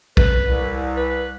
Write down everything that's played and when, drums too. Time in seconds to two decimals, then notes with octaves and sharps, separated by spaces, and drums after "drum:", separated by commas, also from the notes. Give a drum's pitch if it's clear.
0.17 B4, drum: kick
0.43 C2
0.97 B4